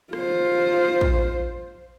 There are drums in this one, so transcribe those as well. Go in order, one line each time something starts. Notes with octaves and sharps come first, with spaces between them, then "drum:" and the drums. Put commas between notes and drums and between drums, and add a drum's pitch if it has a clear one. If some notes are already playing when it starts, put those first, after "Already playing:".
F4 C5, drum: rim click
drum: kick